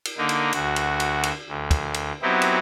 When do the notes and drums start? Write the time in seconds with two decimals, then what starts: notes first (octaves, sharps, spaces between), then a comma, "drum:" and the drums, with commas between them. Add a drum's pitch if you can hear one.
0.05 drum: cymbal
0.17 D3 A#3 D#4
0.29 drum: cymbal
0.53 D2 F#4, drum: cymbal
0.76 drum: cymbal
1.00 drum: cymbal
1.23 drum: cymbal
1.48 D2
1.71 drum: kick, cymbal
1.94 drum: cymbal
2.22 F#3 B3 C4 D#4 E4 G4
2.42 drum: cymbal